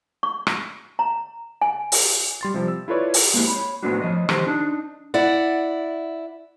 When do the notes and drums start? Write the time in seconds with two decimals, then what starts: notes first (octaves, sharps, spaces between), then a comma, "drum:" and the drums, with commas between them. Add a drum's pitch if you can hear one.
0.23 C#6
0.47 drum: rim click
0.99 A#5
1.62 G#5
1.92 drum: open hi-hat
2.41 G3 C6 A6
2.54 C3 F3 G3
2.68 E6
2.88 E4 F4 A4 B4 C#5 D5
3.14 drum: open hi-hat
3.34 G#3 A#3 C4 E4 G4
3.47 C#5 B5
3.83 A2 A3 B3 C4 D4 F#4
4.01 F3 C#5 D#5
4.29 D#3 F3 G4 A4 C5, drum: rim click
4.47 D4 D#4
5.14 E4 D5 F#5